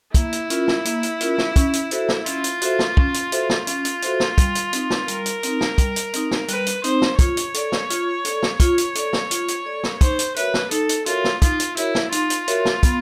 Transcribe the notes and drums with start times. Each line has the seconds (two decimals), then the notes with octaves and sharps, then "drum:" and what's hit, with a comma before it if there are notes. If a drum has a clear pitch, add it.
0.14 A#3 E4, drum: kick, hi-hat
0.33 drum: hi-hat
0.50 C#4 F4 A#4, drum: hi-hat
0.68 drum: snare
0.85 A#3, drum: hi-hat
1.03 drum: hi-hat
1.21 C#4 F4 A#4, drum: hi-hat
1.38 drum: snare
1.56 C#4, drum: kick, hi-hat
1.73 drum: hi-hat
1.91 F#4 A4 C5 E5, drum: hi-hat
2.09 drum: snare
2.26 C#4 F4, drum: hi-hat
2.44 drum: hi-hat
2.62 F#4 A4 C5 E5, drum: hi-hat
2.79 drum: snare
2.97 C#4, drum: kick
3.14 drum: hi-hat
3.32 F#4 A4 C5 E5, drum: hi-hat
3.50 drum: snare
3.67 C#4 F4, drum: hi-hat
3.85 drum: hi-hat
4.02 F#4 A4 C5 E5, drum: hi-hat
4.20 drum: snare
4.38 G3, drum: kick, hi-hat
4.55 drum: hi-hat
4.73 C4 D#4, drum: hi-hat
4.90 drum: snare
5.08 G3 A#4, drum: hi-hat
5.26 drum: hi-hat
5.43 C4 D#4, drum: hi-hat
5.61 drum: snare
5.78 G3, drum: kick, hi-hat
5.96 drum: hi-hat
6.13 C4 D#4, drum: hi-hat
6.31 drum: snare
6.48 G3 B4, drum: hi-hat
6.67 drum: hi-hat
6.84 C4 D#4 C5, drum: hi-hat
7.02 drum: snare
7.19 F4 C#5, drum: kick, hi-hat
7.37 drum: hi-hat
7.54 A4 D5, drum: hi-hat
7.72 drum: snare
7.90 F4, drum: hi-hat
8.25 A4 D5, drum: hi-hat
8.43 drum: snare
8.60 F4 C#5, drum: kick, hi-hat
8.78 drum: hi-hat
8.95 A4 D5, drum: hi-hat
9.13 drum: snare
9.31 F4, drum: hi-hat
9.48 drum: hi-hat
9.66 A4 D5
9.84 drum: snare
10.01 D#4 C5, drum: kick, hi-hat
10.19 drum: hi-hat
10.36 F#4 A#4 B4 C#5 E5, drum: hi-hat
10.54 drum: snare
10.71 D#4 A4, drum: hi-hat
10.89 drum: hi-hat
11.06 F4 F#4 A#4 C#5 E5, drum: hi-hat
11.24 drum: snare
11.42 D#4 F4, drum: kick, hi-hat
11.60 drum: hi-hat
11.77 E4 F#4 A#4 C#5 E5, drum: hi-hat
11.95 drum: snare
12.12 D#4 F4, drum: hi-hat
12.30 drum: hi-hat
12.48 F#4 A#4 C#5 E5, drum: hi-hat
12.65 drum: snare
12.83 B3, drum: kick, hi-hat